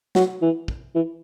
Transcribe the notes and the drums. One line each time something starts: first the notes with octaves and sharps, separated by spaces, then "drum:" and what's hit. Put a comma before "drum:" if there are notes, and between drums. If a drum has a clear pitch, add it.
F#3, drum: snare
E3
drum: kick
E3